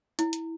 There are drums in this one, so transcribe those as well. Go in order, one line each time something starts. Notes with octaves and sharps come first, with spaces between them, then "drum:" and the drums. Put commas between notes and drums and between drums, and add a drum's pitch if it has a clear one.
E4, drum: hi-hat
drum: hi-hat